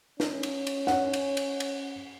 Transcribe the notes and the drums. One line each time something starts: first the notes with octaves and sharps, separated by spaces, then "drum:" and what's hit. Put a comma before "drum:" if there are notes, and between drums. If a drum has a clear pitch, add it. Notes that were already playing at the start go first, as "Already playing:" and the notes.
C#4, drum: snare
drum: cymbal
drum: cymbal
C#5 F#5, drum: snare
drum: cymbal
drum: cymbal
drum: cymbal